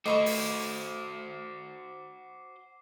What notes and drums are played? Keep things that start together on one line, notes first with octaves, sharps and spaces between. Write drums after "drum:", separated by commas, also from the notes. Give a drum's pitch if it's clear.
A3 F#4 C5 D#5 B5 C#6 D6 C7
drum: open hi-hat